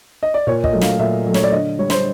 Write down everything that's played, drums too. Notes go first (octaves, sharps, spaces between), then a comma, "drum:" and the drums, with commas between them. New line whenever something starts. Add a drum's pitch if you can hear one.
D#5
D5
A#2 C#5
D#5, drum: kick
F#3 A3
F5, drum: snare
A#2 E5
F#3 A3
C#5, drum: snare
D5
D3 D#5
G3 C#5
C5, drum: snare